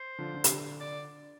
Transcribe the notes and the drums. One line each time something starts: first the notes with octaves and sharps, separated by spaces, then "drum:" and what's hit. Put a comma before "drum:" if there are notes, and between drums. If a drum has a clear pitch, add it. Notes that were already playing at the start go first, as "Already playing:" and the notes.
Already playing: C5
D3 F3
D3
C3, drum: hi-hat
D3
D5